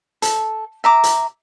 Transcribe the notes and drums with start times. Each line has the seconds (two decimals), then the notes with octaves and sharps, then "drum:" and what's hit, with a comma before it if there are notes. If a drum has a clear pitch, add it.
0.22 A4, drum: hi-hat
0.84 E5 A#5 D6
1.04 drum: hi-hat